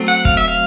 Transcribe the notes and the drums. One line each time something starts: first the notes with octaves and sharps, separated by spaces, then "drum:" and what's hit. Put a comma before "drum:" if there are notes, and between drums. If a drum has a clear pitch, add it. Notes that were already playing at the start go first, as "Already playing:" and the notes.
Already playing: F#3 A3 C4
F#5
F5, drum: kick
E5
F5